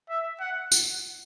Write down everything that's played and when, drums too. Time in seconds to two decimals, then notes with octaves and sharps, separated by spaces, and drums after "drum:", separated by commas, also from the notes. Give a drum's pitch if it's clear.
0.09 E5
0.40 F#5
0.72 drum: tambourine